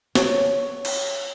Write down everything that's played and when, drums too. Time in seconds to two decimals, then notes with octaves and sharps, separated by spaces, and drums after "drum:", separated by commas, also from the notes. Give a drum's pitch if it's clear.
0.15 C#5, drum: snare
0.85 drum: cymbal